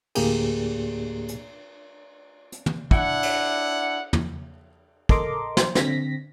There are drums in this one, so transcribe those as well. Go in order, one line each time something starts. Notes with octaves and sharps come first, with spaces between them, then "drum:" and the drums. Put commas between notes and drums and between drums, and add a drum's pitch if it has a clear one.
D2 A2 A#3 G4 G#4, drum: cymbal
drum: hi-hat
drum: hi-hat
drum: tom
D4 E4 F#5, drum: kick
drum: cymbal
drum: tom
A4 A#4 D#5 A#5 C6 D6, drum: kick
C5, drum: snare
D3 C4 A#6 B6, drum: snare